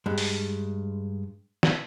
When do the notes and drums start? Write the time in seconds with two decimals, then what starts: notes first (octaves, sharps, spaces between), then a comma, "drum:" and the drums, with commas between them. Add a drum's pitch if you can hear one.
0.06 G2 G#3
0.18 drum: open hi-hat
1.63 drum: snare